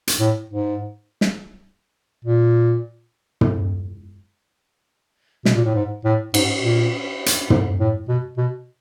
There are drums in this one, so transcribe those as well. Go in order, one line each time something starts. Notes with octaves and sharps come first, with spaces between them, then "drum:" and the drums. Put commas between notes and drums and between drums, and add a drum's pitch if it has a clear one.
drum: hi-hat
A2
G#2
drum: snare
A#2
drum: tom
B2, drum: snare
A#2
A2
G#2
A2
G#2, drum: cymbal
A#2
drum: hi-hat
G#2, drum: tom
A2
B2
B2